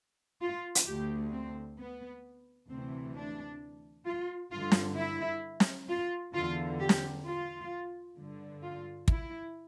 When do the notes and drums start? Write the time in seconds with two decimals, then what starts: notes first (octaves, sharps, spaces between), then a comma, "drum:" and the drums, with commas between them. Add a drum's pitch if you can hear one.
0.41 F4
0.75 drum: hi-hat
0.86 D2 D3 G4
1.32 C4
1.78 B3
2.69 D2 C3 E3 C4
3.15 D4
4.06 F4
4.52 G2 D3 F4
4.72 drum: snare
4.97 E4
5.60 drum: snare
5.89 F4
6.34 E2 D3 F4
6.79 G4
6.89 drum: snare
7.25 F4
8.16 G2 D3
8.62 F4
9.08 E4, drum: kick